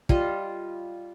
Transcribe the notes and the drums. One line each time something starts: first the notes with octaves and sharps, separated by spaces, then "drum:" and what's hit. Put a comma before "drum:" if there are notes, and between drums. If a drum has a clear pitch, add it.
G3 F4 D#5, drum: kick